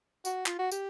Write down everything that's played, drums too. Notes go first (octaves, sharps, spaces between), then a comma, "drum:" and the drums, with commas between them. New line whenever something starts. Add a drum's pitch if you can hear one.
F#4, drum: tambourine
F4, drum: clap
F#4
G4, drum: tambourine